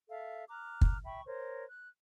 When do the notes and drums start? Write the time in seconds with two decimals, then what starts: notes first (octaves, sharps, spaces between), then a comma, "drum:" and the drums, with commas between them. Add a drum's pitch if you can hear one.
0.09 A4 E5 F5
0.50 A#5 D6 F6 F#6
0.81 drum: kick
1.04 E5 G5 B5 C#6
1.26 A#4 C5 C#5
1.68 F#6